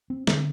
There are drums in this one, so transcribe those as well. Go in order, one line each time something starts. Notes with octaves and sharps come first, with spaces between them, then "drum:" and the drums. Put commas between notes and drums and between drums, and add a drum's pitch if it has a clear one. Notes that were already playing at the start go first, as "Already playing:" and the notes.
C4
D3 C4, drum: snare